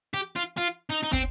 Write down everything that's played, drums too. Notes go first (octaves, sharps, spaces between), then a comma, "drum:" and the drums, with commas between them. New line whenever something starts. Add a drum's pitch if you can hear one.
G4
F4
F4
D#4
D#4
C4, drum: kick